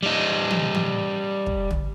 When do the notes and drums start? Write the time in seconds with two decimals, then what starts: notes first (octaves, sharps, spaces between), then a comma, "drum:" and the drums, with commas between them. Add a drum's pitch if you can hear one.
0.03 G3 D#4
0.51 drum: tom
0.75 drum: tom
1.47 drum: kick
1.71 drum: tom